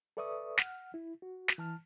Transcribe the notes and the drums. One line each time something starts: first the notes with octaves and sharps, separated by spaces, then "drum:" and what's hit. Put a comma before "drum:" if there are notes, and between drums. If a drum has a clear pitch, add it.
A4 B4 D5 E5 C#6 D#6
F#5 F6, drum: snare
E4
F#4
drum: snare
E3 A5 F6